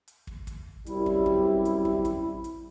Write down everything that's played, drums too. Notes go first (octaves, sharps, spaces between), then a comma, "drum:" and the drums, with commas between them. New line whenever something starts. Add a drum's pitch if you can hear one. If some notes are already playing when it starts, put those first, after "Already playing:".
drum: hi-hat
drum: kick
drum: kick, hi-hat
F#2 C3 G3 E4, drum: hi-hat
drum: kick
drum: kick
drum: hi-hat
drum: kick
drum: kick, hi-hat
drum: hi-hat